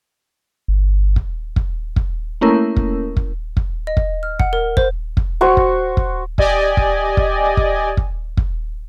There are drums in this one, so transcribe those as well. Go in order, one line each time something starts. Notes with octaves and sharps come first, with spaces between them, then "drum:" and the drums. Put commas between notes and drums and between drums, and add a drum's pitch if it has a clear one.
G1
drum: kick
drum: kick
drum: kick
A3 A#3 C#4 E4 A#4
drum: kick
drum: kick
drum: kick
D#5
drum: kick
F6
F#5, drum: kick
A#4
C5, drum: kick
drum: kick
F#4 C5 C#6
drum: kick
drum: kick
G4 D5 D#5 G#5, drum: kick
drum: kick
drum: kick
drum: kick
drum: kick
drum: kick